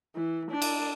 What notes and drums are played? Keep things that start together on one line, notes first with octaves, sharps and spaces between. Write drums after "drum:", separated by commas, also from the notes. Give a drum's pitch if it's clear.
E3
D4
drum: cymbal